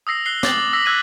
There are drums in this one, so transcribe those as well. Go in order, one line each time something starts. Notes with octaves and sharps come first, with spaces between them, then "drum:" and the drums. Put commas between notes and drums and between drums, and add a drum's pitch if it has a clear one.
D#6 E6 A#6 C7
F#6 C7 G7
D6 A6 F#7, drum: snare
E6 A#6 B6 F#7
E6 F#6 G#6 B6 D#7